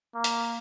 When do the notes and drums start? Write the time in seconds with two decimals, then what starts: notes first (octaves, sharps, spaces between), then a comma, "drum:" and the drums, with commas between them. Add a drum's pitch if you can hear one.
0.15 A#3
0.24 drum: hi-hat